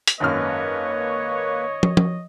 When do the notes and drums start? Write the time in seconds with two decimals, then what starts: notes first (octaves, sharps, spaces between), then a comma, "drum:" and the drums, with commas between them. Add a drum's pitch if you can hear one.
0.07 drum: hi-hat
0.20 G#1 F#2 A#3 B4 C#5 D#5 F6
1.83 drum: tom
1.97 drum: tom